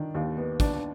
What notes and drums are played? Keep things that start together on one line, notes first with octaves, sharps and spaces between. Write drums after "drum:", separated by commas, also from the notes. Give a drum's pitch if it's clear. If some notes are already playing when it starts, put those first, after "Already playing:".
Already playing: D#3 D4
D#2
B3
D4, drum: kick, hi-hat